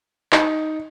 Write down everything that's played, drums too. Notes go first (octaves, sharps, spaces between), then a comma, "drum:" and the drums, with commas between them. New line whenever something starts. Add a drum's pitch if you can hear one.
D#4, drum: clap